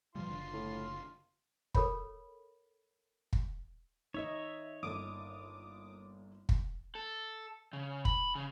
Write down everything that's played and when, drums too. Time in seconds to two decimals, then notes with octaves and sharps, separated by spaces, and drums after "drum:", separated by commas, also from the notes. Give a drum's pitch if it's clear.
0.15 B2 F3 G3 F4 C6
0.28 F#1 D3
0.53 A2
1.75 A4 A#4 C#5 B5, drum: kick
3.33 drum: kick
4.14 D#4 C#5 D#5 E5
4.83 G1 A#2 A4 D6 D#6
6.49 drum: kick
6.95 A4
7.73 C#3
8.05 B5, drum: kick
8.35 C#3